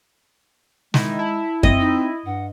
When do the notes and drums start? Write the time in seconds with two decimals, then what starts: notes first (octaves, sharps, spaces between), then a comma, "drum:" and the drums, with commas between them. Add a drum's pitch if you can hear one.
0.94 D#3 G#3 D#4 E4, drum: snare
1.19 E4 A5
1.63 C4 D#5, drum: kick F#2
1.80 D#4
2.26 G2 F#5